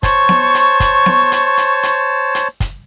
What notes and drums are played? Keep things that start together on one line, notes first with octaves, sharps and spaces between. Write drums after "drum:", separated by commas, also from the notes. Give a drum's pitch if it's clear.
C5 C#5 A5 C#6, drum: kick, hi-hat
drum: snare B3
drum: hi-hat
drum: kick, hi-hat
drum: snare B3
drum: hi-hat
drum: hi-hat
drum: hi-hat
drum: hi-hat
drum: kick, hi-hat